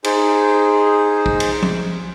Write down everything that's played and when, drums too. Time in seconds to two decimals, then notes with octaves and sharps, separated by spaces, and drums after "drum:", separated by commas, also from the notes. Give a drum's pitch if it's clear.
0.04 D#4 G#4 C5, drum: cymbal
1.26 drum: kick
1.40 drum: cymbal
1.62 drum: tom F3